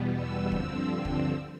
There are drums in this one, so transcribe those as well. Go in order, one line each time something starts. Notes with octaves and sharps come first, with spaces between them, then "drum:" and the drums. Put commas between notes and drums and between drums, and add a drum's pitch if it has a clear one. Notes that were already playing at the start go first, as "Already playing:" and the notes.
Already playing: E2 B2 G3 B3
E6
G2 D3 F3 C4 E6, drum: kick
E6
drum: kick